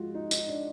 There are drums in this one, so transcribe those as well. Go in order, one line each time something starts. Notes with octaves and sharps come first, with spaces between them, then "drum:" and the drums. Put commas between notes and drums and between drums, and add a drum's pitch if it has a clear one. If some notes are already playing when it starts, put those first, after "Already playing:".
Already playing: G#2 F3 G#3 F4 F#4
D#4
D#4, drum: tambourine
D4